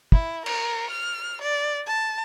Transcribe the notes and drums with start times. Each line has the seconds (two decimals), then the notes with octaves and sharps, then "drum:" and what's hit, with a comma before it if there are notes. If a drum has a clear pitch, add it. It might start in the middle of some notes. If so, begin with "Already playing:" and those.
0.12 E4, drum: kick
0.46 A#4, drum: cymbal
0.91 F6
1.41 D5
1.87 A5